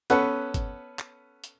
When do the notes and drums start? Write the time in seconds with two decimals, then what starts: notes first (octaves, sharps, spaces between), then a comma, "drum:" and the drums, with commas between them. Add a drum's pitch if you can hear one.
0.10 B3 C#4 A4 B4 F#5, drum: hi-hat
0.54 drum: kick G1, hi-hat
0.99 drum: clap
1.44 drum: hi-hat